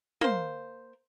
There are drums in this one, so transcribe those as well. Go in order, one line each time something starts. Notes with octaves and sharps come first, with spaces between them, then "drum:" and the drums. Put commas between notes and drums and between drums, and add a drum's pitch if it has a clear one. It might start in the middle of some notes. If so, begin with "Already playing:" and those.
A#3 C5, drum: tom